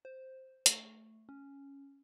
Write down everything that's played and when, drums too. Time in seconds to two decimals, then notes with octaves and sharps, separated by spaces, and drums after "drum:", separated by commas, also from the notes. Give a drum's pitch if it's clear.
0.05 C5
0.66 A3, drum: hi-hat
1.29 C#4